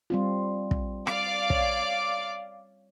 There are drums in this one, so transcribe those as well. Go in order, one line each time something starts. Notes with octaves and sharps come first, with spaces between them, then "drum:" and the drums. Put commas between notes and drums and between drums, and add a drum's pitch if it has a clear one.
G3 C4 F4
drum: kick
D5 F5 D6, drum: rim click
C#5, drum: kick